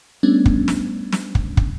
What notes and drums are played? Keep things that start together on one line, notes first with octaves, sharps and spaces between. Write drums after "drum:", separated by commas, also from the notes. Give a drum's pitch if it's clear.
G3 A3 B3 C#4 D4
drum: kick
drum: snare
drum: snare
drum: kick
drum: kick